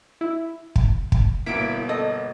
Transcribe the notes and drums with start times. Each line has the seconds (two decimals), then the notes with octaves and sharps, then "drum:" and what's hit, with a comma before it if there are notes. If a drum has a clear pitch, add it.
0.21 E4
0.76 drum: kick
1.12 drum: kick
1.46 G1 B2 A#3 E4 B6 D7
1.89 A4 D#5